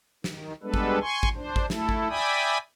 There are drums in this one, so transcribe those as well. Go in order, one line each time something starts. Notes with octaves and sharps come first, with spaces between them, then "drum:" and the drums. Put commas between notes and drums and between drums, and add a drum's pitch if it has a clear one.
D#3, drum: snare
G3 G#3 B3 D4 A4 B4
drum: kick G#1
G#5 C6 C#6
drum: kick G#1
D4 C5
drum: kick G#1
A3 E4 A4, drum: snare
drum: kick G#1
D5 E5 G5 G#5 B5 D#6